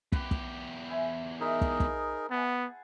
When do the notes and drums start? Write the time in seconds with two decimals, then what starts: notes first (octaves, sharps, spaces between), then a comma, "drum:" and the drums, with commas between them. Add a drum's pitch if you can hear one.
0.12 E2 G4 B4, drum: kick
0.31 drum: kick
0.88 E4 G#4 C5
1.41 D#4 G#4 A#4 C5 E5
1.61 drum: kick
1.80 drum: kick
2.31 B3 G#4 F#5 A5